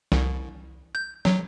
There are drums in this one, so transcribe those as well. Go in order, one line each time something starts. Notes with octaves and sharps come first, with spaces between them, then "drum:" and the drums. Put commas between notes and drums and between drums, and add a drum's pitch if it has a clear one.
C2, drum: snare
G6
F#3, drum: snare